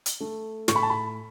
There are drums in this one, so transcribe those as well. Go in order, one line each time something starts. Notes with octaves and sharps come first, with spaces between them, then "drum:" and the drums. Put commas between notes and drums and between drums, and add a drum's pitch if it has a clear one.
drum: hi-hat
A3
A2 C#6, drum: snare
B5
A5
B5